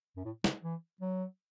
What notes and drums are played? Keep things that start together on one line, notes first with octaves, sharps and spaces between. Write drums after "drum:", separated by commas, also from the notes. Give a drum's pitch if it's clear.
F#2
A2
C#3, drum: snare
E3
F#3